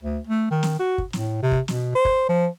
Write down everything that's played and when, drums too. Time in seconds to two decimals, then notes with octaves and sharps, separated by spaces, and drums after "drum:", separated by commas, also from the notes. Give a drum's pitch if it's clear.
0.03 D2
0.27 A3
0.51 D#3
0.63 drum: snare
0.79 F#4
0.98 drum: kick
1.13 A2, drum: snare
1.42 C3
1.52 drum: kick
1.68 B2, drum: snare
1.95 C5
2.05 drum: kick
2.29 F3